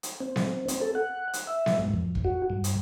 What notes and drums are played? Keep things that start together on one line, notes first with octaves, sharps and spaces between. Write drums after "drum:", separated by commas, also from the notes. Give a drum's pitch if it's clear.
drum: hi-hat
C4
drum: snare B3
C4, drum: hi-hat
A4
F#5
drum: hi-hat
E5
drum: snare B3
G#2
F2
drum: kick
F#4
G2
drum: hi-hat